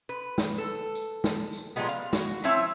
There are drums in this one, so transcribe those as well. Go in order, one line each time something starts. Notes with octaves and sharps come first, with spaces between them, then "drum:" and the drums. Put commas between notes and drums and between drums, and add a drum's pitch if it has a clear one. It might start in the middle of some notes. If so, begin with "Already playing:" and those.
B4
drum: snare
A4
drum: tambourine
drum: snare
drum: tambourine
A#2 F3 G3 G#3 B3
F5
F#4, drum: snare
F3 C4 E4 F4 C#5 E5